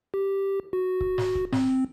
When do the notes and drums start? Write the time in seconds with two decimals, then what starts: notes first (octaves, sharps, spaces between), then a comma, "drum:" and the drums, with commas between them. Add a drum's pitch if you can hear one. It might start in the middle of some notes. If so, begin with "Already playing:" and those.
0.14 G4
0.73 F#4
1.01 drum: kick C#1
1.18 drum: snare
1.35 drum: kick C#1
1.53 C4, drum: snare